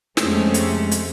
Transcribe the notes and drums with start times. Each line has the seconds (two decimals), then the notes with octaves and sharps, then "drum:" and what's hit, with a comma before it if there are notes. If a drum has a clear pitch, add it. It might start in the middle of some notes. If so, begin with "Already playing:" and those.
0.17 F2 C3 G#3 A3 C#4, drum: snare
0.54 drum: hi-hat
0.91 drum: hi-hat